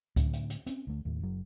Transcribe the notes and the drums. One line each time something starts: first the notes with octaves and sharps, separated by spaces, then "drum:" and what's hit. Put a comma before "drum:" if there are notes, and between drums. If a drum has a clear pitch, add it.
A2 D3, drum: kick C#2, hi-hat
drum: hi-hat
drum: hi-hat
C4 C#4, drum: hi-hat
D2 A3
D#2 A2
F#1 F#2 F#3